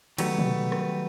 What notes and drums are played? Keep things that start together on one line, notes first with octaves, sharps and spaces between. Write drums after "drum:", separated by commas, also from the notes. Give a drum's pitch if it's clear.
D#3 F#3 G3 A3 B3, drum: cymbal
drum: tom B2
drum: rim click